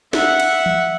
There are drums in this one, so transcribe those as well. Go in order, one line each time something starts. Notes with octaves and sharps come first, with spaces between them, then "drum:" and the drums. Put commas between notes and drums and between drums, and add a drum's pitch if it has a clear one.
E5 F#5, drum: snare
drum: cymbal
drum: tom E3